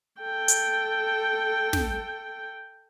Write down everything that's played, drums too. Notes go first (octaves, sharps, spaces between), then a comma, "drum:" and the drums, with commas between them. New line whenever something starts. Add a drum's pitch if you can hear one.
A4 G5
drum: hi-hat
drum: snare